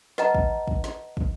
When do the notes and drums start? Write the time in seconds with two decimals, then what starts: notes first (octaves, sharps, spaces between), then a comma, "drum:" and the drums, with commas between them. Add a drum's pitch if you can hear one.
0.18 B4 D#5 F#5 A5 A#5, drum: snare
0.35 drum: kick
0.67 drum: kick
0.84 drum: snare
1.17 drum: kick